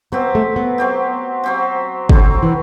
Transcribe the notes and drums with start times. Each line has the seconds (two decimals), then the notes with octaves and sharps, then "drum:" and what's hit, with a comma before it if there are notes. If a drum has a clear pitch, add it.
0.12 F#3 B3 C4 G4
0.35 A3
0.56 B3
0.78 F#3 C4 G4
1.44 F#3 C4 G4
2.09 D3 F#3 C4 G4, drum: kick
2.43 E3